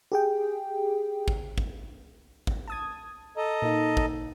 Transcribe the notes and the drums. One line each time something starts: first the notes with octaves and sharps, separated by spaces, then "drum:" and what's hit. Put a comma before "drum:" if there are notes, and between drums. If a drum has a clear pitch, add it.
G4 G#4 G5
drum: kick
drum: kick
drum: kick
A5 D#6 G#6
A4 D#5 A#5
A#2 A#3 D#4
drum: kick